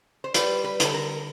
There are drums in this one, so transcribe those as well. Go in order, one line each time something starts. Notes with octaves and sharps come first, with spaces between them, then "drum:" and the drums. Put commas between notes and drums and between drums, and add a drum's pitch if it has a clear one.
C5
G3 B4, drum: hi-hat
B4
D3, drum: hi-hat
A4
A#4